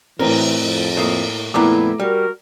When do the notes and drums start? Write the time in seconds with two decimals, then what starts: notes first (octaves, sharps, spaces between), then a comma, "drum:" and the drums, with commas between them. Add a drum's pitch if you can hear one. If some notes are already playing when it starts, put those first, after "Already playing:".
0.19 A2 E3 C4 A#4, drum: cymbal
0.64 F2
0.97 A2 A#3 D#6
1.54 F2 A#2 A3 B3 E4 A#5 D6
2.00 G3 F#4 A#4